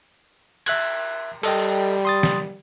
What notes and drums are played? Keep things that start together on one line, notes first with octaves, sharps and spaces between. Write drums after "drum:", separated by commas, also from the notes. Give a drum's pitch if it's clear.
E5 F#6 G#6, drum: cymbal
G3 A4 D#5 G5, drum: cymbal
C6 D#6 A6
drum: snare